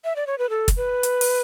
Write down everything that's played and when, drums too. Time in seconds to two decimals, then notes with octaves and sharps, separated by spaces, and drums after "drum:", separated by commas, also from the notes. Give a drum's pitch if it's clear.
0.04 E5
0.16 D5
0.27 C#5
0.38 B4
0.50 A4
0.68 drum: kick, hi-hat
0.77 B4
1.03 drum: hi-hat
1.21 drum: open hi-hat